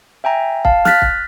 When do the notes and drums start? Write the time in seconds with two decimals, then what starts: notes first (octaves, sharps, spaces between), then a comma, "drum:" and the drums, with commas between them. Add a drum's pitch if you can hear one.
0.24 E5 G5 G#5 A#5
0.65 F5 A5, drum: kick
0.85 F6 F#6 A6 B6, drum: snare
1.02 drum: kick